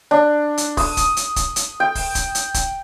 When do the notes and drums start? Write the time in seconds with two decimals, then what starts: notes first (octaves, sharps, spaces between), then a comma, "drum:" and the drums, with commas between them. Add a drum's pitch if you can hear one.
0.11 D4
0.57 drum: hi-hat
0.77 D#6, drum: kick, open hi-hat
0.97 drum: kick, hi-hat
1.17 drum: hi-hat
1.36 drum: kick, hi-hat
1.56 drum: hi-hat
1.80 G5
1.95 drum: kick, open hi-hat
2.15 drum: kick, hi-hat
2.35 drum: hi-hat
2.54 drum: kick, hi-hat